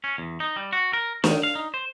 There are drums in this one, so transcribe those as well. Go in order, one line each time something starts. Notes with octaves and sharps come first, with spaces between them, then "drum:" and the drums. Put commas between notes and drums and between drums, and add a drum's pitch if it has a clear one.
C#4
E2
D#4
G3
F#4
A#4
D#3, drum: snare
F5
D#4
C5